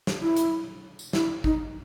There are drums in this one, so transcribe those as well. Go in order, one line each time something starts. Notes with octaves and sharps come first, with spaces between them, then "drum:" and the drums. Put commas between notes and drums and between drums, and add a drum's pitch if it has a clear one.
drum: snare
E4
drum: hi-hat
drum: tambourine
E4, drum: snare
D#4, drum: kick G#1